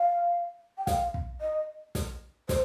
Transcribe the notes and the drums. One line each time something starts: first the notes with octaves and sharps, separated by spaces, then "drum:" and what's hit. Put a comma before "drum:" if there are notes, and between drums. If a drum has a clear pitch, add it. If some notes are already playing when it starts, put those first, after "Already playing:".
Already playing: F5
G5
F5, drum: snare
drum: kick
D#5
drum: snare
C5, drum: snare